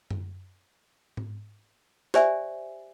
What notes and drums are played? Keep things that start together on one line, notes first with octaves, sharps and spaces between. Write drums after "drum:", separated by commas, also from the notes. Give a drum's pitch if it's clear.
drum: tom F#2
drum: tom G#2
G4 C5 D5 E5 G#5, drum: snare